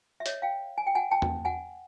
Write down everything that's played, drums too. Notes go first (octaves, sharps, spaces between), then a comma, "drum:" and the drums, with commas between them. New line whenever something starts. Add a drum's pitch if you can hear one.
E5
C#5 D#5, drum: hi-hat
F5 G5
G#5
G5
F#5 G#5
G5 A5
drum: tom E2
F#5 G#5